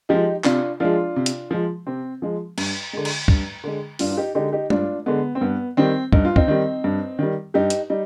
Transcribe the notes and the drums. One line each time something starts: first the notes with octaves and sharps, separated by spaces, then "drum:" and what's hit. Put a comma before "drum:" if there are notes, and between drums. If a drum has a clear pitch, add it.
F3 G#3 D#4 G4
C3 D4 F4, drum: clap
F3 G#3 D4 F4
C3
drum: hi-hat
F3 G#3
C3 C4
F3 G#3
G2, drum: cymbal
D3 G#3
drum: cymbal
G2, drum: kick C#2
D3 G#3
G2 D4 F4, drum: open hi-hat
F4
D#4 G4
D3 G#3 D#4 G4
D#4 G4
G2 D4 F4, drum: tom
D3 G#3 B3
C4
G2 B3
D#3 G3 C4
G2 D#4, drum: kick C#2
F4
C4 D#4, drum: kick C#2
D#3 G3
G2
D#3 G3
G2 D#4 G4
drum: hi-hat
G3 D#4